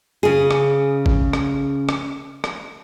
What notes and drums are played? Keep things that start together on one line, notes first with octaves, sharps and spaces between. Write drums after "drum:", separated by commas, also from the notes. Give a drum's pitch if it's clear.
C#3 G#4
drum: rim click
drum: kick
drum: rim click
drum: rim click
drum: rim click